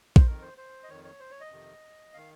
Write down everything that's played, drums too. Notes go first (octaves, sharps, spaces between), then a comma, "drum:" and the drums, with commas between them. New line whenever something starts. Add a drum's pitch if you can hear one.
C5, drum: kick
F2 D#3 A#4
C5
C5
D#5
F2 D#3 C#5
C#5
C5
C#5
D#5
F2 C3 D#3
D#3 F5